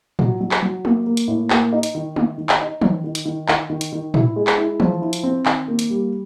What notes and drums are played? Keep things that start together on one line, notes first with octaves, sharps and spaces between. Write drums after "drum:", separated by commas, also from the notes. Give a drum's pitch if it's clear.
F#3, drum: tom
F#3
drum: clap
F#3
A#3, drum: tom
A#3
drum: hi-hat
A2
A#3, drum: clap
D#4
drum: hi-hat
D#3
D#3, drum: tom
D#3
drum: clap
D#4
D#3, drum: tom
D#3
drum: hi-hat
D#3
D#3, drum: clap
D#3
drum: hi-hat
D#3
E4, drum: tom
G#3
drum: clap
E4
F3, drum: tom
E4
drum: hi-hat
C4
D#3, drum: clap
A#3
drum: hi-hat
G3